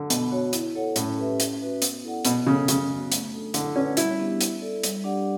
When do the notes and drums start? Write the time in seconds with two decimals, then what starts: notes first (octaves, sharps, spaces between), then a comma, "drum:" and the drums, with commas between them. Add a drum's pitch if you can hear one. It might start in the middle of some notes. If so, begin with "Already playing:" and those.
Already playing: D3
0.10 B2 B3, drum: hi-hat
0.32 F#4 C#5
0.53 E4, drum: hi-hat
0.75 A4 C#5 F#5
0.96 A2 C#4, drum: hi-hat
1.18 G4 B4 E5
1.40 C#4, drum: hi-hat
1.61 F#4 B4 E5
1.82 B3, drum: hi-hat
2.04 E4 A4 D5 F#5
2.25 B2 B3, drum: hi-hat
2.47 C#3 D4 A4 C#5
2.68 C#3 F#3, drum: hi-hat
2.89 B3 F#4
3.12 A3, drum: hi-hat
3.33 D4 A4
3.54 D3 E4, drum: hi-hat
3.76 C#4 B4 D5 F#5
3.97 G3 E4, drum: hi-hat
4.18 B3 D4 G4
4.41 E4, drum: hi-hat
4.61 A4 D5
4.84 G3, drum: hi-hat
5.04 D4 G4 D5 F#5